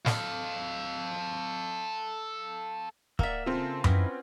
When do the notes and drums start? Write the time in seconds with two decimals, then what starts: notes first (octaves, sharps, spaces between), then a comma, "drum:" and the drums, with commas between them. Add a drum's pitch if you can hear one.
0.06 A4 F5, drum: snare
3.19 A#3 D5 E5 F#5 E6, drum: kick
3.46 C#3 C4 F4 A4 C5
3.84 B3 C#4 D#4 E4, drum: tom F#2